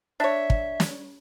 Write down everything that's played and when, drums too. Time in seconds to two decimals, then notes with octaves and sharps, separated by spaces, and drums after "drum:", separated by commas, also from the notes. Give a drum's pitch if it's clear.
0.20 D4 C#5 E5
0.50 drum: kick
0.80 drum: snare